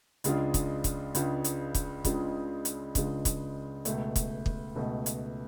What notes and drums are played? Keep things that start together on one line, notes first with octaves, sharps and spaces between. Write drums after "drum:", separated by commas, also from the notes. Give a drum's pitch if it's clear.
C#2 C#3 G#3 D4 F4, drum: hi-hat
drum: kick, hi-hat
drum: kick, hi-hat
C#2 C#3 G#3 D4 F4, drum: hi-hat
drum: hi-hat
drum: kick, hi-hat
C#2 C#3 G#3 D4 F4, drum: kick, hi-hat
drum: hi-hat
C#2 C#3 G#3 D4 F4, drum: kick, hi-hat
drum: kick, hi-hat
C#2 B2 A3, drum: hi-hat
drum: kick, hi-hat
drum: kick
C#2 B2 A3
drum: hi-hat